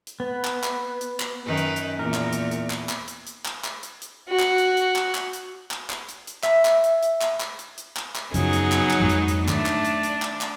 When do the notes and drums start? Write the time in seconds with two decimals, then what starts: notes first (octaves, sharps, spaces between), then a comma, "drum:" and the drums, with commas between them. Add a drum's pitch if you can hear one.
0.07 drum: hi-hat
0.20 B3
0.45 drum: clap
0.63 drum: clap
1.01 drum: hi-hat
1.20 drum: clap
1.46 F#2 D#3 B4
1.57 drum: hi-hat
1.76 drum: hi-hat
1.99 E2 A#2 A#4
2.14 drum: clap
2.33 drum: hi-hat
2.51 drum: hi-hat
2.70 drum: clap
2.89 drum: clap
3.08 drum: hi-hat
3.27 drum: hi-hat
3.45 drum: clap
3.64 drum: clap
3.83 drum: hi-hat
4.02 drum: hi-hat
4.28 F#4
4.39 drum: clap
4.58 drum: hi-hat
4.77 drum: hi-hat
4.96 drum: clap
5.15 drum: clap
5.33 drum: hi-hat
5.71 drum: clap
5.90 drum: clap
6.09 drum: hi-hat
6.27 drum: hi-hat
6.43 E5, drum: clap
6.65 drum: clap
6.84 drum: hi-hat
7.03 drum: hi-hat
7.21 drum: clap
7.40 drum: clap
7.59 drum: hi-hat
7.78 drum: hi-hat
7.97 drum: clap
8.15 drum: clap
8.34 F#2 C#3 F3 F#3 B3 D#4 G#4, drum: hi-hat
8.53 drum: hi-hat
8.72 drum: clap
8.91 drum: clap
9.00 F2 G#2 F3
9.09 drum: hi-hat
9.28 drum: hi-hat
9.48 D#3 A3 D4, drum: clap
9.66 drum: clap
9.85 drum: hi-hat
10.03 drum: hi-hat
10.22 drum: clap
10.41 drum: clap